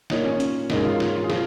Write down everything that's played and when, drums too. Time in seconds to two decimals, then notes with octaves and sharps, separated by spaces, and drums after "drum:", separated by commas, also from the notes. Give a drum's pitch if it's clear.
0.10 A#2 A#3 D#4 F4 A#4 C#5, drum: snare
0.25 C#4
0.40 drum: hi-hat
0.70 G#2 G#3 C#4 D#4 A#4 C#5, drum: snare
0.85 F4
1.00 F4, drum: snare
1.15 F4
1.23 G#4
1.30 F3 F4, drum: snare